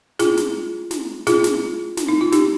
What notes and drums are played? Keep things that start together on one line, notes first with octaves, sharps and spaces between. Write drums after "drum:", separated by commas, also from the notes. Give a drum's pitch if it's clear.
F4 G#4, drum: snare
drum: snare
drum: snare
F4 G#4, drum: snare
drum: snare
drum: snare
D#4
F4
D#4 G4, drum: snare